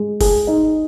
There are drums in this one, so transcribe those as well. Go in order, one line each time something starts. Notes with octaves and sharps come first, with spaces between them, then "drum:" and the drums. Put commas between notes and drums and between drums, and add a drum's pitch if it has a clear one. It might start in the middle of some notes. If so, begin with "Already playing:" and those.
Already playing: G#3
G#4, drum: kick F1, open hi-hat
D#4